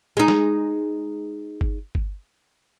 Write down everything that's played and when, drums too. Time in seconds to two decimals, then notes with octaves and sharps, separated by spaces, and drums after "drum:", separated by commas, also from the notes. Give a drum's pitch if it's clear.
0.17 G#3 D#4
0.28 drum: snare
1.61 drum: kick G1
1.95 drum: kick G1